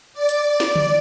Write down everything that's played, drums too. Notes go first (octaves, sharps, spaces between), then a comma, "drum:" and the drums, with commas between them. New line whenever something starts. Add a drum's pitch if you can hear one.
D5
drum: hi-hat
drum: snare
drum: tom